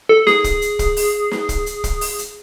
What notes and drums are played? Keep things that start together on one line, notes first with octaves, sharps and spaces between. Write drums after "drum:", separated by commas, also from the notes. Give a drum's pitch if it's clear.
A4
G#4, drum: snare
drum: kick, hi-hat
drum: hi-hat
drum: kick, hi-hat
drum: open hi-hat
drum: snare
drum: kick, hi-hat
drum: hi-hat
drum: kick, hi-hat
drum: open hi-hat
drum: hi-hat